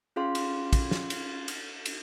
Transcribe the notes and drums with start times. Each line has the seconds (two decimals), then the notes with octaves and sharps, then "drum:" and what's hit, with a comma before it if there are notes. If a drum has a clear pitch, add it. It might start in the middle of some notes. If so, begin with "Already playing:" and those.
0.16 C#4 F4 G#4 F5 C6
0.35 drum: cymbal
0.73 drum: kick, cymbal
0.91 drum: snare
1.10 drum: cymbal
1.48 drum: cymbal
1.86 drum: cymbal